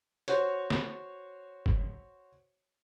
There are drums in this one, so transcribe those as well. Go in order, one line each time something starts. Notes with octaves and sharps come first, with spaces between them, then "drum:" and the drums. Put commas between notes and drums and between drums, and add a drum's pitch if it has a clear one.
F#4 C5 C#5, drum: hi-hat
drum: snare
drum: kick F#1